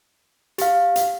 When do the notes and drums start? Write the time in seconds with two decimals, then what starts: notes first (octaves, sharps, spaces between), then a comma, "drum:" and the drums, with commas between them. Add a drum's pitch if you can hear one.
0.58 G4 F5, drum: hi-hat
0.96 drum: hi-hat